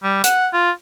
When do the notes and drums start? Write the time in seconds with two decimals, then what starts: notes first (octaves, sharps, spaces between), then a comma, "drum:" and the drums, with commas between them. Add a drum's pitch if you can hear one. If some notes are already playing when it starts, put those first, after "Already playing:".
0.04 G3
0.24 F#5, drum: hi-hat
0.53 F4